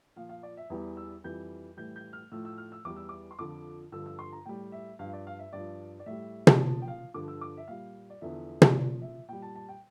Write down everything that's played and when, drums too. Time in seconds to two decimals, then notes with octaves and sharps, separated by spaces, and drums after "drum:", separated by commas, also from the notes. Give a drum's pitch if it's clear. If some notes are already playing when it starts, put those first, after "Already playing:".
0.16 A#2 F3 F5
0.29 F5
0.43 D5
0.57 E5
0.70 E2 E3 G3
0.97 E6
1.24 F2 E3 G3 G6
1.77 A2 E3 G3 G6
1.96 G6
2.13 F6
2.32 A2 F3 E6
2.45 E6
2.58 F6
2.72 E6
2.85 E2 E3 G3 D6
2.96 E6
3.09 D6
3.31 C6
3.38 F2 D3 F3 D6
3.92 G2 D3 F3 E6
4.06 E6
4.19 C6
4.33 A#5
4.46 A2 G3 G5
4.72 E5
4.99 G2 F3 F5
5.13 D5
5.27 F5
5.39 E5
5.53 G2 F3 D5
6.00 D5
6.06 A2 G3 E5
6.47 drum: tom
6.61 A#2 F3 A5
6.82 G5
6.88 F5
7.14 G2 D3 F3 D6
7.28 E6
7.41 D6
7.57 E5
7.68 A#2 G3 F5
8.10 D5
8.21 E2 D3 F3 E5
8.62 drum: tom
8.75 A#2 F3 D5
9.02 E5
9.28 A#2 G3 G5
9.42 A5
9.55 A5
9.69 G5